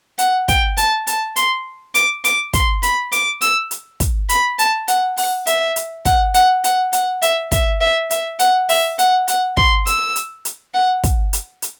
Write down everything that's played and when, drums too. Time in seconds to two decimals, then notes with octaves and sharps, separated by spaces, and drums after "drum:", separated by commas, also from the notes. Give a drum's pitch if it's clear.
0.19 F#5, drum: hi-hat
0.48 G5, drum: kick, hi-hat
0.77 A5, drum: hi-hat
1.07 A5, drum: hi-hat
1.36 C6, drum: hi-hat
1.95 D6, drum: hi-hat
2.25 D6, drum: hi-hat
2.53 C6, drum: kick, hi-hat
2.83 B5, drum: hi-hat
3.12 D6, drum: hi-hat
3.41 E6, drum: hi-hat
3.71 drum: hi-hat
4.00 drum: kick, hi-hat
4.29 B5, drum: hi-hat
4.59 A5, drum: hi-hat
4.88 F#5, drum: hi-hat
5.17 F#5, drum: open hi-hat
5.47 E5, drum: hi-hat
5.76 drum: hi-hat
6.05 F#5, drum: kick, hi-hat
6.34 F#5, drum: hi-hat
6.64 F#5, drum: hi-hat
6.93 F#5, drum: hi-hat
7.22 E5, drum: hi-hat
7.52 E5, drum: kick, hi-hat
7.81 E5
8.11 E5, drum: hi-hat
8.39 F#5, drum: hi-hat
8.69 E5, drum: open hi-hat
8.99 F#5, drum: hi-hat
9.28 F#5, drum: hi-hat
9.57 C6, drum: kick
9.87 E6, drum: hi-hat
10.16 drum: hi-hat
10.45 drum: hi-hat
10.74 F#5
11.04 drum: kick, hi-hat
11.33 drum: hi-hat
11.62 drum: hi-hat